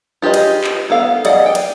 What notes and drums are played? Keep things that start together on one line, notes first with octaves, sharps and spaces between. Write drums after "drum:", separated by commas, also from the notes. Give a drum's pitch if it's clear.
F4 G4 G#4 B4 D#5
drum: cymbal
drum: clap
B3 A4 F5
G#4 D5 D#5 F#5, drum: cymbal
G5
drum: cymbal